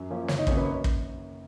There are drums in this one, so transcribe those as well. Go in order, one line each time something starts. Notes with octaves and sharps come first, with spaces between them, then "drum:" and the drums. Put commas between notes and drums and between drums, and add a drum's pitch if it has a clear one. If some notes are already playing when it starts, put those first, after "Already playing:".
Already playing: F#2
F3 A#3 C#4
F#1 C#5, drum: snare
D#4 D#5
F#2 D#3 A#3 C#4 C#5, drum: kick
B4
C#5
drum: kick